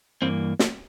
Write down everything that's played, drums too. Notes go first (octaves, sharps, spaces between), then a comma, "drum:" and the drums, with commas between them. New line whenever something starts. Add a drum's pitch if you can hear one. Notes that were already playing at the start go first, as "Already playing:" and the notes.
G2 E3 A#3 C4
drum: snare